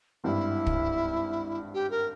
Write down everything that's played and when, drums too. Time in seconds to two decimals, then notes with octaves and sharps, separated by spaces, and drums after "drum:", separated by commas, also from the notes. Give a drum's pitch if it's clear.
0.24 G#1 G2 G3 E4
0.66 drum: kick
1.74 G4
1.91 A#4